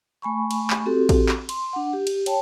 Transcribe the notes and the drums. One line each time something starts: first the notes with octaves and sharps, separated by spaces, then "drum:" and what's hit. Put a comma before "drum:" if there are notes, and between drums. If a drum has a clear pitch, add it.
A3 G#5 B5 C#6
drum: cymbal
drum: clap
C4 F#4 G4 A4
drum: kick, cymbal
drum: clap
C6, drum: cymbal
D4 F#5
G4
drum: cymbal
C#5 G5 A5, drum: cymbal